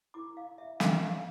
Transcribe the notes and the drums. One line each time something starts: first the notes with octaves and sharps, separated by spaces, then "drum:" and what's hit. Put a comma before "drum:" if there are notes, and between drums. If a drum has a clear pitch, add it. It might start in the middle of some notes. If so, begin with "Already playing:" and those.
E4 A#4 D6
F5
E5
E5, drum: snare
F5
F5